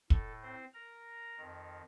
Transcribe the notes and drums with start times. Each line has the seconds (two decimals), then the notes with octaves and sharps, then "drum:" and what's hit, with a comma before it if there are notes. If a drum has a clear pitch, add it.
0.10 A2 A4, drum: kick
0.42 C4 C5
0.74 A#4 A#5
1.37 F2 D#3